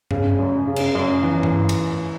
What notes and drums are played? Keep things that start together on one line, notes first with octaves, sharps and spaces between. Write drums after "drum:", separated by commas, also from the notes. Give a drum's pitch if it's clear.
C#3, drum: tom G2
F#2
C#3
drum: cymbal
F#2
E3
drum: tom G2
drum: cymbal